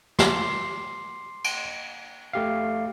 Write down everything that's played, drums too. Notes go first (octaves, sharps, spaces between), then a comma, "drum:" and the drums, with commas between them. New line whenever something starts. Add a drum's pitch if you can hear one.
C6 D6 C7, drum: snare
drum: cymbal
A3 G4 F5